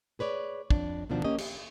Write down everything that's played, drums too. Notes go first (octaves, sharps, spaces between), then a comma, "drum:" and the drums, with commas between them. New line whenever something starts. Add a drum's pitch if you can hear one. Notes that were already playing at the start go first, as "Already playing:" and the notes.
G#4 B4 C#5 D5
F2 D4, drum: kick
D2 B2 D#3 F3 D4
A#3 C#4 G4 D#5
G4, drum: cymbal